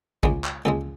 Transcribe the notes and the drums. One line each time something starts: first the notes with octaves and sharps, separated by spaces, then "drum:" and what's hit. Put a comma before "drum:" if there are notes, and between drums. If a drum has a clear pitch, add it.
C#2 C#3 G#3, drum: kick
drum: clap
C#2 C#3 G#3 A4